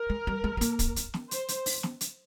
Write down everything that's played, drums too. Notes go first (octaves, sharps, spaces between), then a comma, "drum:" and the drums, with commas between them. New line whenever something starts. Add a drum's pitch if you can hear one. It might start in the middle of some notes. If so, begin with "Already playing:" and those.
Already playing: A#4
G#3
G3
G#3
G#3
A#3, drum: hi-hat
drum: kick, hi-hat
drum: hi-hat
drum: snare
C5, drum: hi-hat
drum: hi-hat
drum: open hi-hat
drum: snare
drum: hi-hat